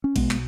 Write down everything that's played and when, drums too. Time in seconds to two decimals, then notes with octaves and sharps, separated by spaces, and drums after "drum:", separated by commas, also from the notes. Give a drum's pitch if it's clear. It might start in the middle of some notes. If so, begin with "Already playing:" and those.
0.04 C#4
0.16 B1 B2 G#3 B3, drum: kick A1, cymbal
0.31 drum: clap